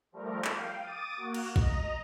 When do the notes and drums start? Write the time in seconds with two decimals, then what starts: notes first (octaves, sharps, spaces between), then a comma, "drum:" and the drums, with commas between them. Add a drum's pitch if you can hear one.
0.12 F3 G3 A3 A#4
0.45 F5 G5, drum: clap
0.80 D6 D#6 A6 D#7
1.17 A#3 F#4
1.34 drum: cymbal
1.56 D#5 A#5, drum: kick